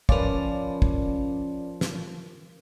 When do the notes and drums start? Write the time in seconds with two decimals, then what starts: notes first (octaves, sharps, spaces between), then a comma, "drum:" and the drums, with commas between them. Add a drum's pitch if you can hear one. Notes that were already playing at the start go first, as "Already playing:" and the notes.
0.09 F3 C#4 A#4 B4 D5 F5, drum: kick
0.82 drum: kick
1.81 drum: snare